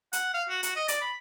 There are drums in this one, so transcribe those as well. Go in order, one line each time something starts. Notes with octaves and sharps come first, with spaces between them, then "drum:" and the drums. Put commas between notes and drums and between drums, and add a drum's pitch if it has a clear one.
F#5, drum: hi-hat
F5
F#4
F#4, drum: hi-hat
D#5
D5, drum: hi-hat
B5